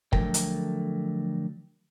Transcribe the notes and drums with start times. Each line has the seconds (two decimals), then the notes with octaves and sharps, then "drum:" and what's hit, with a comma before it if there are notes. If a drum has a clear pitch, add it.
0.13 D3 F3 F#3 A3 A#4 G5, drum: kick
0.34 drum: hi-hat